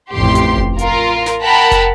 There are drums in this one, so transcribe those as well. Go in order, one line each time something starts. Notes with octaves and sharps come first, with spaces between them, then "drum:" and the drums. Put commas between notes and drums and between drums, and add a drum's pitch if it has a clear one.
A1 F2 G4 C6
drum: hi-hat
drum: kick F1
F4 A#4, drum: hi-hat
drum: snare
A#4 F#5 G5 A5 B5
drum: kick F1, hi-hat